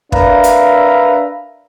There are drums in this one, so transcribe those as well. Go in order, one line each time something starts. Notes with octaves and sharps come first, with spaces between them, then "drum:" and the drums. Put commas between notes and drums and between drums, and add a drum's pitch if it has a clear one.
D4 A#4 B4 E5 F5, drum: kick
drum: hi-hat